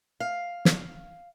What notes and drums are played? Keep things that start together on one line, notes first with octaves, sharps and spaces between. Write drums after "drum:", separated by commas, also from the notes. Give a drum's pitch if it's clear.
F5
drum: snare